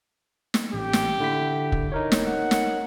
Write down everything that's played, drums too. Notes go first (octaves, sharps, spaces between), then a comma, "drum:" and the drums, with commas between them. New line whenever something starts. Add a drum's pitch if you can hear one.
drum: snare
A1 G4
drum: snare
D3 E4 B6
drum: kick
D#4 A#4 C#5
drum: snare
F#5
drum: snare